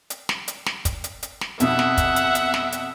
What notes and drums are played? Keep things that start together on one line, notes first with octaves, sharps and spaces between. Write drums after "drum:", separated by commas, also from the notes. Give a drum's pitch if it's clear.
drum: hi-hat
drum: snare
drum: hi-hat
drum: snare
drum: kick, hi-hat
drum: hi-hat
drum: hi-hat
drum: snare
F2 B2 E5 F#5, drum: hi-hat
drum: snare
drum: kick, hi-hat
drum: hi-hat
drum: hi-hat
drum: snare
drum: hi-hat